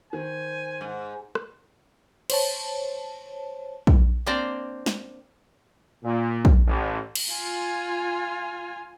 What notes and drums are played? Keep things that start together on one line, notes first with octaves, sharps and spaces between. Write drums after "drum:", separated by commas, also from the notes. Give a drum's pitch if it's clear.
D#3 C5 G#5
G#2
drum: rim click
C5 C#5 A5, drum: cymbal
drum: kick
A#3 C4 D4 C5 D5 A#5
drum: snare
A#2
drum: kick
A1
drum: cymbal
F4 G#5